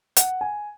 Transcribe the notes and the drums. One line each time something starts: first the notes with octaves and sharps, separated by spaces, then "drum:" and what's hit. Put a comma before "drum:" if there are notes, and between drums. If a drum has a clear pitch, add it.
F#5, drum: hi-hat
G#5